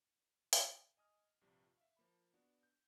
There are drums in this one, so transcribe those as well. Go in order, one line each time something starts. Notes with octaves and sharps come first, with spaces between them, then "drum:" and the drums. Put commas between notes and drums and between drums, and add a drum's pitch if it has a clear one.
drum: hi-hat
D#5 G#5 D#6 F6
A#1 G2 C3 F3 G3
E5 F5
F3 A#3 B5
B3 D4 F#4
G6